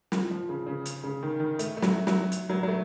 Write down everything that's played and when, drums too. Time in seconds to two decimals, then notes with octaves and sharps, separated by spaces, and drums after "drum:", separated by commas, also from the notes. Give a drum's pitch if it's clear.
0.12 F3, drum: snare
0.31 F3
0.49 C#3
0.67 C#3
0.85 drum: hi-hat
1.04 C#3
1.23 D#3
1.40 D#3
1.59 A3, drum: hi-hat
1.77 A3
1.82 F#3, drum: snare
2.07 F#3, drum: snare
2.32 drum: hi-hat
2.50 F#3
2.63 F#3
2.68 A3